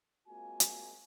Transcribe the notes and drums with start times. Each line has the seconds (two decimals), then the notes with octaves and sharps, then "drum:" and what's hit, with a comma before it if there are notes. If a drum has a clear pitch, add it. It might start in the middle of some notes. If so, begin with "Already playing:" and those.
0.28 G#3 A#3 C4 F4 F#4 G#5
0.60 drum: hi-hat